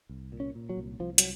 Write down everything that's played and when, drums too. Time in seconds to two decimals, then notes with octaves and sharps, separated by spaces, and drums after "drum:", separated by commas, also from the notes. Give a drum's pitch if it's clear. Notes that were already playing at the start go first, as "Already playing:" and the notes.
0.09 C2
0.32 A#2
0.40 C#4
0.55 A#2
0.69 F#3
0.77 C2
0.99 C2 F3
1.18 F#3, drum: hi-hat